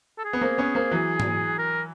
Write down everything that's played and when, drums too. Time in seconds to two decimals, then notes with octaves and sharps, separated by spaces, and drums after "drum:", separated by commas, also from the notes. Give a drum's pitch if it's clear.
0.18 A4
0.24 G#4
0.33 B3
0.41 A#3 C4
0.58 B3 C#4
0.75 A#3 C4
0.91 E3 F#3
1.20 drum: tom G#2
1.58 A#4